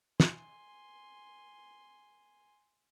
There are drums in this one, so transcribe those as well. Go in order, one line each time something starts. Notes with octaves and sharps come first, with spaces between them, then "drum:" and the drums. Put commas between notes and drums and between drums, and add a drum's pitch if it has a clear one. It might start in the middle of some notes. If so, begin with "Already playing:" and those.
G#5 C6, drum: snare